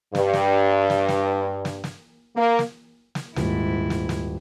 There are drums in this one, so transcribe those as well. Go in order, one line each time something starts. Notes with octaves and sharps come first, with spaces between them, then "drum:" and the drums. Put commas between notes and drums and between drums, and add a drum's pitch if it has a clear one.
G2, drum: snare
drum: snare
drum: snare
drum: snare
drum: snare
drum: snare
A#3
drum: snare
drum: snare
D#1 G#2 E4, drum: snare
drum: snare
drum: snare